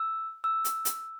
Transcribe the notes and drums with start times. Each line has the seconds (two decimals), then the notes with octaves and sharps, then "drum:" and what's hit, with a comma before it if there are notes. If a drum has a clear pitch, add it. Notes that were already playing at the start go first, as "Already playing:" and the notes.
Already playing: E6
0.44 E6
0.65 drum: hi-hat
0.85 drum: hi-hat